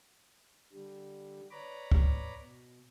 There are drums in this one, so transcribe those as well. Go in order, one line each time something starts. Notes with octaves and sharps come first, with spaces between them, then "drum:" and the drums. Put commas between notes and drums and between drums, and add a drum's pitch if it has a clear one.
D3 G3
B4 C#5 D5 A#5 B5 D6
drum: kick
B2